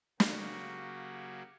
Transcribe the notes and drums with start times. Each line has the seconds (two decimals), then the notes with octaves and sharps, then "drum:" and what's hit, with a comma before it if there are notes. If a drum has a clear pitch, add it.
0.20 C#3 F#3 A#3 F#4 G4, drum: snare